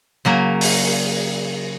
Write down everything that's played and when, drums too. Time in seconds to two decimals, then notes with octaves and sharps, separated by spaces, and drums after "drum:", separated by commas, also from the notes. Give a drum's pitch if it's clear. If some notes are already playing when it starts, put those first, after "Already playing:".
0.25 C#3 F#3 A#3
0.61 drum: open hi-hat